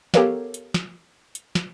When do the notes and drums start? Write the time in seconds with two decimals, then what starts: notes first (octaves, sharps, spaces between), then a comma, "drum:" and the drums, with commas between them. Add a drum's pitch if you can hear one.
0.14 B3 G4 A4 A#4 C#5 F5, drum: snare
0.54 drum: hi-hat
0.74 drum: snare
1.35 drum: hi-hat
1.55 drum: snare